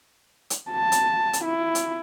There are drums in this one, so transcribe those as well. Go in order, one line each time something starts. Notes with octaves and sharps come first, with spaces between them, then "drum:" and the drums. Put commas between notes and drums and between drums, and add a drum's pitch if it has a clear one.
drum: hi-hat
A5
drum: hi-hat
drum: hi-hat
E4
drum: hi-hat